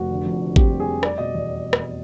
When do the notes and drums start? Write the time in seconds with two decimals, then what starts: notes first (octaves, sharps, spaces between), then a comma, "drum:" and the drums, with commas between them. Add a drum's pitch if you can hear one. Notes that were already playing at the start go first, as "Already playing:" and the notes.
Already playing: F1 F#4
0.09 D3
0.26 F2
0.40 D3
0.56 C4 G4, drum: kick G#1
0.72 G3
0.80 G#4
0.87 G3
1.03 C4 D5, drum: rim click
1.18 B2 D#5
1.34 E2 D5
1.73 drum: rim click